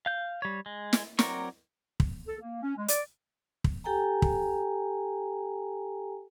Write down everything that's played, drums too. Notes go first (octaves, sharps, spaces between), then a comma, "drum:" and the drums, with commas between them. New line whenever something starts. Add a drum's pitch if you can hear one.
F5 G6
G3 C#5
G#3
drum: snare
F#3 C4 A#4 D5 C#6, drum: snare
drum: kick
A4
A#3
C#4
G#3
D5, drum: hi-hat
drum: kick
G4 A4 G5 G#5 A#5
drum: kick